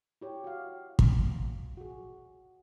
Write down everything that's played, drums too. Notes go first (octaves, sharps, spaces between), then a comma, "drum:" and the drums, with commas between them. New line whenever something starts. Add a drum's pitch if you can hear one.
E4 G4 C#5
F#4 F5
drum: kick
F#4 G#4